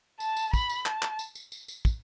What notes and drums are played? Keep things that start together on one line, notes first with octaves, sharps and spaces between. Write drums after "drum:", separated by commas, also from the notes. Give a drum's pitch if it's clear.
A5, drum: tambourine
drum: tambourine
B5, drum: kick, tambourine
drum: tambourine
A5, drum: clap
drum: clap
drum: tambourine
drum: tambourine
drum: tambourine
drum: tambourine
drum: kick, tambourine